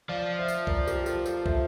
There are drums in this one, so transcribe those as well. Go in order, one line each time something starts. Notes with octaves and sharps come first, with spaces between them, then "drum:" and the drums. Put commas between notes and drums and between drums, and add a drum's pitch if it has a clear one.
F3 D5 F5
C5 E5
drum: tambourine
A#4 D5, drum: kick
G4 A#4, drum: tambourine
A4 C5, drum: tambourine
A4 C5, drum: tambourine
C5 E5, drum: kick